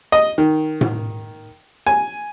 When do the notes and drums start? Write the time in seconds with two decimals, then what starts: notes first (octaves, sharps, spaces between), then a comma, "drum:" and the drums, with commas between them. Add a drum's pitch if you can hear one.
0.12 D#5
0.38 D#3
0.81 drum: tom A2
1.87 G#5